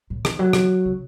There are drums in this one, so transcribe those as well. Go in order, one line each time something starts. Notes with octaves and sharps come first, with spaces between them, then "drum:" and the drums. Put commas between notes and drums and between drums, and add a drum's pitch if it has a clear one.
A2
C#3, drum: rim click
F#3
drum: rim click
C#3